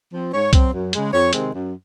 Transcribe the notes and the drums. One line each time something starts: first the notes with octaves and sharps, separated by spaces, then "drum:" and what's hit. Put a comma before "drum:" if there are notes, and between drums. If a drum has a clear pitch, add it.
F3 C4
G#2 C#5
F#3 C4, drum: kick C2, hi-hat
F#2
C#3 G#3, drum: hi-hat
F2 C#5
C3 D#3 G#3 C4, drum: hi-hat
F#2